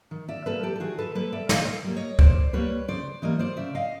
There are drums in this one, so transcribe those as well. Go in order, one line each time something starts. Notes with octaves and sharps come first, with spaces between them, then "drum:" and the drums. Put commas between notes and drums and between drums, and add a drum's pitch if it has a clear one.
D#3
D5 E5
G3 A#3 A4 B4
G4 A4
A4
D#3 F#4 G#4
A4 B4
G3 A#3 A4 B4
D5 E5
A#2 D#5 F5, drum: snare
G3 A#3
C#5 D#5
A#2 C5 D5, drum: kick C#2
G3 A#3 B4 C#5
C#3 C5 D5
E3 G3 A#3 C#5 D#5
C5 D5
C#3 D5 E5
D#5 F5